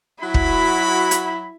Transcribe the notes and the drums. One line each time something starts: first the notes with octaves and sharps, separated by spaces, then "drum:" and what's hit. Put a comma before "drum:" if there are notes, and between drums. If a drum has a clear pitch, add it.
F#3 E4 F#4 B5
drum: kick
drum: hi-hat